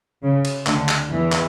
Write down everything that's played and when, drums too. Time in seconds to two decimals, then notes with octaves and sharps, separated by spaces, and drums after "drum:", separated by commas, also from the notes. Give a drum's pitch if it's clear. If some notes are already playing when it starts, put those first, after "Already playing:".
0.23 C#3
0.45 drum: cymbal
0.67 D2 D3, drum: clap
0.88 drum: clap
1.10 E2 E3
1.32 drum: clap